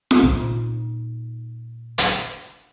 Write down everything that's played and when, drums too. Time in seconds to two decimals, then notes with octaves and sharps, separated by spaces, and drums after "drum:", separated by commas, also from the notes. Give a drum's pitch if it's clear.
0.11 drum: snare F4
0.23 A#2 D#4
1.98 drum: hi-hat